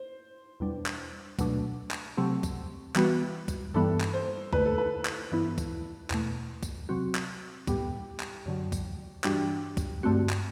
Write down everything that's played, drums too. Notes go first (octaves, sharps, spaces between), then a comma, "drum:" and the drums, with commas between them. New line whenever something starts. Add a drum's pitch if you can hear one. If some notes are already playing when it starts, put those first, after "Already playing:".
Already playing: C5
E2 B2 G3 D4
drum: clap
B2 F#3 A3 D4, drum: kick, tambourine
drum: clap
C3 F#3 A3 C4 G4
drum: kick, tambourine
E3 G3 B3 F#4 B4, drum: clap
drum: kick, tambourine
G2 E3 G3 B3 A4
drum: clap
C5
E2 D3 A3 B4, drum: kick
A4
B4
drum: clap
G2 E3 B3 E4
drum: kick, tambourine
E2 B2 A3, drum: clap
drum: kick, tambourine
C3 F#3 C4 F#4
drum: clap
A2 G3 B3 G4, drum: kick, tambourine
drum: clap
F#2 D3 F#3
drum: kick, tambourine
G2 E3 G3 D4 F#4 G4, drum: clap
drum: kick, tambourine
G2 D3 A3 C4 F#4
drum: clap